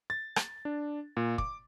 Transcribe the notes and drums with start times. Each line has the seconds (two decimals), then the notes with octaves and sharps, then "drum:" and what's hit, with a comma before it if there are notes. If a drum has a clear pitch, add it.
0.10 A6
0.36 drum: rim click
0.65 D4
1.17 A#2
1.38 D6, drum: kick